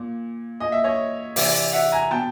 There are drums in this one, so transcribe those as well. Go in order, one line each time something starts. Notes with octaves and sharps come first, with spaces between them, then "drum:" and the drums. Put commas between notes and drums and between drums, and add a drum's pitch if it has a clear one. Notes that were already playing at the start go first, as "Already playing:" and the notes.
Already playing: A#2
A#2 D#5
E5
C#5 D#5
C3 E3 D5 E5, drum: open hi-hat
D5 E5
E5 F#5
G#5 A#5
B2 G5 A5